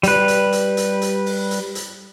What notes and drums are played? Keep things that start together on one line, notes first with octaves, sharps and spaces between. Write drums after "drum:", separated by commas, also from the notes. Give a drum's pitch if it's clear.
G3 B4, drum: hi-hat
drum: hi-hat
drum: hi-hat
drum: hi-hat
drum: hi-hat
drum: open hi-hat
drum: hi-hat
drum: hi-hat